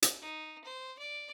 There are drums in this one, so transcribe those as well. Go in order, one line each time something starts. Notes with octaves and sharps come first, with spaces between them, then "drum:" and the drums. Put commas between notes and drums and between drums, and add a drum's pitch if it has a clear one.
drum: hi-hat
D#4
C5
D5